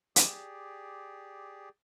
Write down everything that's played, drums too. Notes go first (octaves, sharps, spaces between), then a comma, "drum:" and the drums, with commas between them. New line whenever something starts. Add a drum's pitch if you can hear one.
G4 G#4 D5, drum: hi-hat